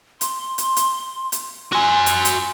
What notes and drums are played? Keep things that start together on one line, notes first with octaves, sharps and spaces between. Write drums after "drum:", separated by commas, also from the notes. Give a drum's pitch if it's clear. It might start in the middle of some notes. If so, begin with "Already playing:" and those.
C6, drum: hi-hat
drum: hi-hat
drum: hi-hat
drum: hi-hat
F#4 G#5 C6
drum: hi-hat
drum: hi-hat